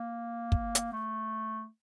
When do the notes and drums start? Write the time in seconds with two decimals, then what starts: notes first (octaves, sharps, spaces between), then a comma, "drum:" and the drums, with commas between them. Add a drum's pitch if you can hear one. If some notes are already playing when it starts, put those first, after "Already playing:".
Already playing: A#3
0.52 drum: kick
0.75 drum: hi-hat
0.93 A3